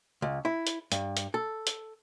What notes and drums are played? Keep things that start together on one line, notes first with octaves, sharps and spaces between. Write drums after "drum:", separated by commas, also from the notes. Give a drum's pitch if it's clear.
C#2
E4
drum: hi-hat
G2, drum: hi-hat
drum: hi-hat
A4
drum: hi-hat